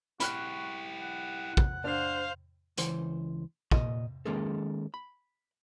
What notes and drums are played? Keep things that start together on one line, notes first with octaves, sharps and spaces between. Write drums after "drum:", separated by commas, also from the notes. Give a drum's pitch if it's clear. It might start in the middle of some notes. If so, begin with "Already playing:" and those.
E4 F#4 G4 B5 F6 F#6, drum: hi-hat
F#5
drum: kick
D4 C5 F5
C#2 E3 C5, drum: hi-hat
A#2 D#5 C6, drum: kick
D#3 G#3 A#3 C#4 G#4 A4
B5